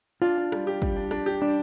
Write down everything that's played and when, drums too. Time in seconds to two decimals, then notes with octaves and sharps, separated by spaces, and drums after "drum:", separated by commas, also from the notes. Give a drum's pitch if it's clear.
0.22 D4 F4
0.38 D4
0.52 G3, drum: rim click
0.67 G4
0.82 G3, drum: kick
0.96 D4
1.11 D4, drum: rim click
1.26 G4
1.41 G3 D4